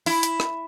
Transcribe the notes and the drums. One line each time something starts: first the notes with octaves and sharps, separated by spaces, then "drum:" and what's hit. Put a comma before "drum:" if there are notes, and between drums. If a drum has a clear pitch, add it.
E4, drum: open hi-hat
drum: hi-hat
drum: rim click